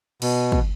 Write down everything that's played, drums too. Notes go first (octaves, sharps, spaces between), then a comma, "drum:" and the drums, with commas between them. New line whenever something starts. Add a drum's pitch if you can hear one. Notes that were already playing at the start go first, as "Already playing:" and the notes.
B2, drum: cymbal
drum: kick